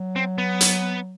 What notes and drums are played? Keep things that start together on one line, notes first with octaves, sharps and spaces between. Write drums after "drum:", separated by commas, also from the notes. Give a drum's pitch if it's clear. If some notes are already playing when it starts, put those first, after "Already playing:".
Already playing: F#3
C4
B3
drum: hi-hat